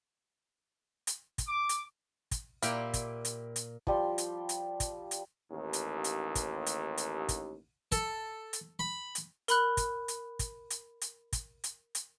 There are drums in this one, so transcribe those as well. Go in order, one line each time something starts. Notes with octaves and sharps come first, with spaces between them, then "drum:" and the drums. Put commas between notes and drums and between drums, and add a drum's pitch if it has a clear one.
drum: hi-hat
drum: kick, hi-hat
D6
drum: hi-hat
drum: kick, hi-hat
A#2 A#3 E4 G4, drum: hi-hat
drum: kick, hi-hat
drum: hi-hat
drum: hi-hat
F3 G3 C6, drum: kick
drum: hi-hat
drum: hi-hat
drum: kick, hi-hat
drum: hi-hat
A1 D#2
drum: hi-hat
drum: hi-hat
drum: kick, hi-hat
drum: hi-hat
drum: hi-hat
drum: kick, hi-hat
A4, drum: kick, hi-hat
drum: hi-hat
B5
drum: hi-hat
A#4 B5 F#6, drum: hi-hat
drum: kick, hi-hat
drum: hi-hat
drum: kick, hi-hat
drum: hi-hat
drum: hi-hat
drum: kick, hi-hat
drum: hi-hat
drum: hi-hat